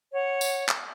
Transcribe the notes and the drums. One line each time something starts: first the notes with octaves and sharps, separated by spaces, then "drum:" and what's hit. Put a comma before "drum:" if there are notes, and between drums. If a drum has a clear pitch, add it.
C#5 F#5
drum: tambourine
drum: clap